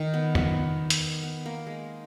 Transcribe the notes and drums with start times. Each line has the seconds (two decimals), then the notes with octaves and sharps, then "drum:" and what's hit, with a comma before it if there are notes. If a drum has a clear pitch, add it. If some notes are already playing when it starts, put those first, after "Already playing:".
Already playing: D#3
0.14 B3
0.35 B3, drum: tom
0.90 drum: hi-hat
1.23 B3
1.46 A#3
1.67 G#3